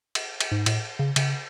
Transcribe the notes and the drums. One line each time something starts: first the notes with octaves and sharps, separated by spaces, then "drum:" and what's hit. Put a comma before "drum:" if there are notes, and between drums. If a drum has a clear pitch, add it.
drum: cymbal
drum: cymbal
G#2
A2, drum: cymbal
C#3
C#3, drum: cymbal